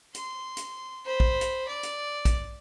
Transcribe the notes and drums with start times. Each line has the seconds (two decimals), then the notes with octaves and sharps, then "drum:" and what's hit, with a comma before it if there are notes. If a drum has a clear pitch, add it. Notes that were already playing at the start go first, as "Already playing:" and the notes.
0.15 C6, drum: hi-hat
0.57 drum: hi-hat
1.05 C5 B5
1.20 drum: kick
1.41 drum: hi-hat
1.67 D5
1.83 drum: hi-hat
2.25 drum: kick, hi-hat